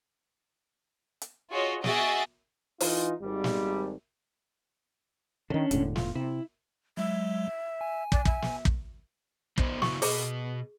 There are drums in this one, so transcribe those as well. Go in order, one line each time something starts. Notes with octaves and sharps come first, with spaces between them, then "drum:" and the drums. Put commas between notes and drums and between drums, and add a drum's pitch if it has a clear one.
drum: hi-hat
F4 F#4 G#4 C#5 D#5
F#4 G#4 D#5 E5 A6 D7, drum: snare
E3 D#4 F4, drum: open hi-hat
G#1 G3
drum: snare
D3 D#3 C#4 D4
E1 A2 D3, drum: hi-hat
F4, drum: snare
C3 E4
F#3 G#3 E5
G#5
D5, drum: kick
E5, drum: kick
drum: snare
drum: kick
B3 D#4 C5, drum: kick
C#3 E4 F#4 C#6, drum: snare
B2 G#4 D#5, drum: open hi-hat